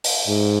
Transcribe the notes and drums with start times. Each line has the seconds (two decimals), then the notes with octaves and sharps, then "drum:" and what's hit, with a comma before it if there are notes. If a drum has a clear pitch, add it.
0.04 drum: open hi-hat
0.27 G#2